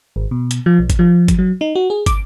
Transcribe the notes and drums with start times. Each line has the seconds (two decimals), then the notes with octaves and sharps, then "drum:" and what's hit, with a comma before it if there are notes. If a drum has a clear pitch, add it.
0.16 G#1
0.31 B2
0.51 drum: hi-hat
0.66 F3
0.79 B1
0.90 drum: kick, hi-hat
0.99 F3
1.28 drum: kick, hi-hat
1.39 F#3
1.61 D#4
1.75 F#4
1.90 G#4
2.06 D6, drum: kick, hi-hat